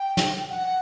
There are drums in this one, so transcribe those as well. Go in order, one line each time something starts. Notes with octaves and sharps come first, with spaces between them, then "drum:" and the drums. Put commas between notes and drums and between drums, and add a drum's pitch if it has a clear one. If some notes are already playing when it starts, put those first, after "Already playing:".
Already playing: G5
drum: snare
F#5